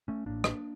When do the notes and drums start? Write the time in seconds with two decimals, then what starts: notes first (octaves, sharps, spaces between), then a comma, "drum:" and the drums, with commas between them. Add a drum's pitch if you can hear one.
0.08 A3 C#4
0.26 A1 A2 A#3 D4
0.44 drum: rim click